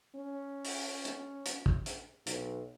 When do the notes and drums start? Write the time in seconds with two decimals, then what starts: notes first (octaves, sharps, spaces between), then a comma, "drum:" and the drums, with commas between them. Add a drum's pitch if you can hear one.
0.16 C#4
0.65 drum: open hi-hat
1.05 drum: hi-hat
1.46 drum: hi-hat
1.66 drum: kick
1.86 drum: hi-hat
2.27 B1, drum: hi-hat